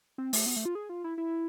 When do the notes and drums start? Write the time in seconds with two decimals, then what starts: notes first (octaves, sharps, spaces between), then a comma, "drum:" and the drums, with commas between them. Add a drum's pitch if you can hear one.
0.18 C4
0.33 A3, drum: open hi-hat
0.46 B3
0.56 A3
0.65 F4
0.75 G#4
0.89 F4
1.04 E4
1.18 E4